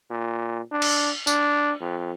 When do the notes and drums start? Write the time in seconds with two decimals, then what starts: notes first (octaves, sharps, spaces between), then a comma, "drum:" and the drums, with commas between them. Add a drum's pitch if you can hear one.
0.11 A#2
0.72 D4
0.82 drum: cymbal
1.27 D4, drum: tambourine
1.81 F2